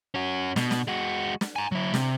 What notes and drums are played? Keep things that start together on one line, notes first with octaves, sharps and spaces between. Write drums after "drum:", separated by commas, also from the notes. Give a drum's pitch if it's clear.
C#4 F#4
B2, drum: snare
drum: snare
G#3 F#4
drum: snare
G#5 A#5
F#3 E4
C3, drum: snare